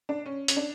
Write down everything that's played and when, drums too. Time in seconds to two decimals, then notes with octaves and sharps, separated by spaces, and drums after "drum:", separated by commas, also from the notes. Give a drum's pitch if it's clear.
0.09 D4
0.26 C#4
0.48 C#4, drum: hi-hat
0.57 D4